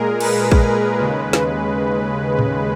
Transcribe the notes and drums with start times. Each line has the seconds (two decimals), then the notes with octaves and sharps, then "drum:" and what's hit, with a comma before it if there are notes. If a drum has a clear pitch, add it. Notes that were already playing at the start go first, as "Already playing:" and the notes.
Already playing: A#2 G#3 G#4 A#4
0.20 B4, drum: cymbal
0.52 drum: kick
0.98 D#2 C#3 G#3
1.33 drum: snare
2.39 drum: tom A2